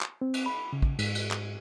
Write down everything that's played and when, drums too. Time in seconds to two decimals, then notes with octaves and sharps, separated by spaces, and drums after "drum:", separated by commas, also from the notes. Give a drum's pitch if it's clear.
0.01 drum: clap
0.21 C4
0.34 drum: cymbal
0.46 B5
0.73 C#3
0.82 drum: kick
0.99 G#2, drum: cymbal
1.15 drum: cymbal
1.31 drum: clap